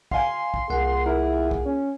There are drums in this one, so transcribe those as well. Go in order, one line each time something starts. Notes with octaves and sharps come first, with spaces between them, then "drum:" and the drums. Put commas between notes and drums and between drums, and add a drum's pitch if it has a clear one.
F5 G#5 C6, drum: kick
drum: kick
C2 A#3 F4 G#4 F#5
E4 A#4
drum: kick
C#4